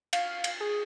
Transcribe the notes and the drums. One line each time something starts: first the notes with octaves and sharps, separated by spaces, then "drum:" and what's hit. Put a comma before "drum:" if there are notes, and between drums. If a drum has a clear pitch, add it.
F5, drum: cymbal
drum: cymbal
G#4